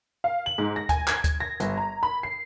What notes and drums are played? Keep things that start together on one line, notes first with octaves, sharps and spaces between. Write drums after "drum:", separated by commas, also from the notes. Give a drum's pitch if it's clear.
F5
F#7
G#2
A#6
G#5, drum: kick, hi-hat
G#6, drum: clap
drum: kick, hi-hat
A#6
G1, drum: hi-hat
A#5
B5
C7